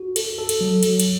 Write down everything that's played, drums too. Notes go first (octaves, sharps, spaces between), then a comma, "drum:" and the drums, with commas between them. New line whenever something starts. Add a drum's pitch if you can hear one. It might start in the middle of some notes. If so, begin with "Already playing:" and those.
Already playing: F#4
A4, drum: cymbal
A4
drum: cymbal
F#3
F#3, drum: cymbal
drum: cymbal